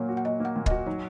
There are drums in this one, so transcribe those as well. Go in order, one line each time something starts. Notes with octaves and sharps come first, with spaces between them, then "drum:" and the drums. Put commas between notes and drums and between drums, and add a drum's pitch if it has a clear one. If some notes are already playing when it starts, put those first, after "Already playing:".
Already playing: A#2 F#3 A#3 C#5
F#4
F#5
F#3 D#5
A#3
F#5
A#2
F#4 D#5, drum: kick
F#3 D#4